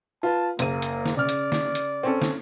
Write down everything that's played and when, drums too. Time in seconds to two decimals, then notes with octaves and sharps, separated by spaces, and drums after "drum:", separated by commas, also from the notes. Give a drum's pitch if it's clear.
0.23 F4 B4 A5
0.59 F#1 A#3 D#7, drum: hi-hat
0.82 drum: hi-hat
1.06 drum: snare
1.17 C#3 D5 F6
1.29 drum: hi-hat
1.52 drum: snare
1.75 drum: hi-hat
2.03 C4 C#4 A4
2.22 drum: snare